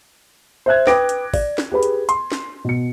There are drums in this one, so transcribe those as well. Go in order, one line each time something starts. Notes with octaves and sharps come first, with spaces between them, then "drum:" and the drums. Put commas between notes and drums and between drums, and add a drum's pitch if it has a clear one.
C5 E5 F#6 G#6
B4 G5 D6 D#6 A#6 D7, drum: snare
drum: hi-hat
D5, drum: kick, open hi-hat
drum: snare
G4 G#4 B4 B5
drum: hi-hat
C6, drum: hi-hat
drum: snare
B2 C#7